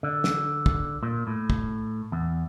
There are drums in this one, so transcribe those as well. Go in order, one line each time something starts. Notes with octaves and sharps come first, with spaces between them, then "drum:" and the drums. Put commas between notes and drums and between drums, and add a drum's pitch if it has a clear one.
D3
drum: snare
drum: kick
A#2
A2
drum: kick
E2